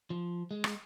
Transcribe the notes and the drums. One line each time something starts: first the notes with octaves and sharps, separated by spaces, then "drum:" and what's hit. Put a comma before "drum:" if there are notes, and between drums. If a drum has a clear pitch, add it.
F3
G#3
drum: rim click